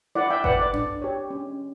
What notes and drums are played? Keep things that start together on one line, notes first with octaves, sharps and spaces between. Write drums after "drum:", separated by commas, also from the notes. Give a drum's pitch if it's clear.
E4 D5 F#5
E5 G5
B4 D5 F#5, drum: kick G1
D5
D4, drum: tom F#2
G4 C#5
C#4